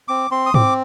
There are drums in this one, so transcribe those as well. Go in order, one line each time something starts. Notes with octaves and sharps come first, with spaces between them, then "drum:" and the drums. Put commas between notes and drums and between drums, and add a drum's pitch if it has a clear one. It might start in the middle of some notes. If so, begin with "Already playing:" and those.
C4 D6
C4 C6
D#6
C4 D6, drum: tom G#2